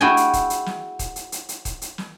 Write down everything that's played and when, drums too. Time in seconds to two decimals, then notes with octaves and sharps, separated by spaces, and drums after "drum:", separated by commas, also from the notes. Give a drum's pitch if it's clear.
0.01 E4 F#4 G#4 G5 G#5
0.17 drum: hi-hat
0.33 drum: kick D#1, hi-hat
0.50 drum: hi-hat
0.66 drum: snare
0.99 drum: kick D#1, hi-hat
1.16 drum: hi-hat
1.32 drum: hi-hat
1.49 drum: hi-hat
1.65 drum: kick D#1, hi-hat
1.82 drum: hi-hat
1.98 drum: snare